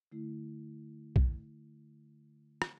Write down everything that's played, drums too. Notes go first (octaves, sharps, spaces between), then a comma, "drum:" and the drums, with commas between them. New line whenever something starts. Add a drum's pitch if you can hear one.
D3 A3 E4
drum: kick
drum: rim click